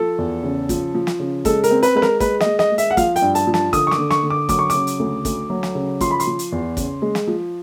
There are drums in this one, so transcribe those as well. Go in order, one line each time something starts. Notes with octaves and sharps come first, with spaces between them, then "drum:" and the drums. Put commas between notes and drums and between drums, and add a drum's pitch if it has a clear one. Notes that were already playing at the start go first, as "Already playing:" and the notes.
Already playing: F3 A4
E2
C#3
F3, drum: kick, hi-hat
F3
drum: snare
C#3
G#3 A4, drum: kick, hi-hat
A#4, drum: hi-hat
C4
B4, drum: hi-hat
G#3 B4
A#4, drum: snare
G#3 B4, drum: kick, hi-hat
D#5, drum: snare
G#3
D#5, drum: snare
G#3
E5, drum: hi-hat
F#5
F3 F5, drum: kick, hi-hat
G5, drum: hi-hat
G2
A5, drum: hi-hat
F3
A5, drum: snare
D3 D#6, drum: kick, hi-hat
C#6
D6, drum: snare
D3
C#6, drum: snare
D3
D6
F#3 D6, drum: kick, hi-hat
C#6
C#3 D6, drum: hi-hat
drum: hi-hat
D2
D2, drum: kick, hi-hat
F#3
drum: snare
C#3
F3 C6, drum: kick, hi-hat
B5
C6, drum: hi-hat
F3
drum: hi-hat
E2
C#3, drum: kick, hi-hat
G#3
drum: snare
F3